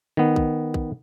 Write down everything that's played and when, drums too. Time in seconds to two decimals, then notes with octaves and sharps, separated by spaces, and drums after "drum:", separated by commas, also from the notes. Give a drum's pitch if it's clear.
0.17 D#3 B3
0.36 drum: kick
0.74 drum: kick